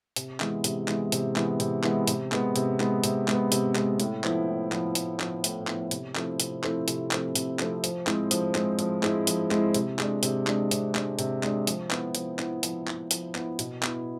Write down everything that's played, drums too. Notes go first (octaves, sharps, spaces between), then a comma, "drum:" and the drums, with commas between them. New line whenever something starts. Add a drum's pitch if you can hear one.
C3, drum: hi-hat
E3 G#3 B3, drum: clap
C3, drum: hi-hat
E3 G#3 B3, drum: clap
C3, drum: hi-hat
E3 G#3 B3, drum: clap
C3, drum: hi-hat
E3 G#3 B3, drum: clap
C3, drum: hi-hat
G#3 B3, drum: clap
C3, drum: hi-hat
G#3 B3, drum: clap
C3, drum: hi-hat
G#3 B3, drum: clap
C3, drum: hi-hat
G#3 B3, drum: clap
A2, drum: hi-hat
F3 B3 E4, drum: clap
A2
F3 B3 E4, drum: clap
A2, drum: hi-hat
F3 B3 E4, drum: clap
A2, drum: hi-hat
F3 B3 E4, drum: clap
C3, drum: hi-hat
F3 A3 C4 E4, drum: clap
C3, drum: hi-hat
F3 A3 C4 E4, drum: clap
C3, drum: hi-hat
F3 A3 C4 E4, drum: clap
C3, drum: hi-hat
F3 A3 C4 E4, drum: clap
F3, drum: hi-hat
G#3 C4 E4, drum: clap
F3, drum: hi-hat
G#3 C4 E4, drum: clap
F3, drum: hi-hat
G#3 C4 E4, drum: clap
F3, drum: hi-hat
G#3 C4 E4, drum: clap
C3, drum: hi-hat
G#3 D4, drum: clap
C3, drum: hi-hat
G#3 D4, drum: clap
C3, drum: hi-hat
G#3 D4, drum: clap
C3, drum: hi-hat
G#3 D4, drum: clap
F3, drum: hi-hat
B3 E4, drum: clap
F3, drum: hi-hat
B3 E4, drum: clap
F3, drum: hi-hat
B3 E4, drum: clap
F3, drum: hi-hat
B3 E4, drum: clap
B2, drum: hi-hat
B3 E4, drum: clap